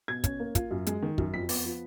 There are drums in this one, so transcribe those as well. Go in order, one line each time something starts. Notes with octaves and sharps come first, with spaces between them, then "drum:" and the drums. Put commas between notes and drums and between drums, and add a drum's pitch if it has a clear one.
B2 G#6
C#4, drum: kick, hi-hat
A#3
F4, drum: kick, hi-hat
F#2
G#3, drum: hi-hat
D#3
F#2, drum: kick
F2 B6
B3, drum: open hi-hat
F3